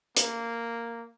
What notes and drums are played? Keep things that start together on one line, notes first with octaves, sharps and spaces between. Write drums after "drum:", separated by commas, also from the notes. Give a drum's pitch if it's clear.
A#3, drum: hi-hat